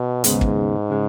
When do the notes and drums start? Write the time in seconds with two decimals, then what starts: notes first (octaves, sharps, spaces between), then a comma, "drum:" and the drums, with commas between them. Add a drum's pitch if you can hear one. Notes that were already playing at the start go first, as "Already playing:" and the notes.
Already playing: B2
0.24 D#2 G#2 C#3 G#3 B3 D#4, drum: hi-hat
0.41 drum: kick
0.90 C#3 G#3